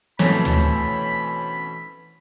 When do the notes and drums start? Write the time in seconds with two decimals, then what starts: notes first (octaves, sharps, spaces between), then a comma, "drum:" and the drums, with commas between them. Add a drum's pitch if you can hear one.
0.19 B2 E3 A3 C4 C#4 A4 B5, drum: snare
0.45 drum: tom